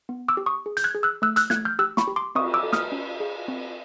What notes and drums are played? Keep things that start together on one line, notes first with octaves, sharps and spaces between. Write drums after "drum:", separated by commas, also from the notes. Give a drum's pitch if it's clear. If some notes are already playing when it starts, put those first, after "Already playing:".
B3
D6 E6
G4
C#6 D#6
G#4
G6, drum: hi-hat
F#6 G#6
G#4
E6 F#6
A3 E6 F#6
E6 F#6, drum: hi-hat
A3 F#6 G#6, drum: snare
F6 G6
G4 E6 F#6
B5 C#6, drum: snare
G4
C6 D6
C4 C#6 D#6, drum: cymbal
D6 E6
A4
D#6 F6, drum: snare
C#4
G#4
C4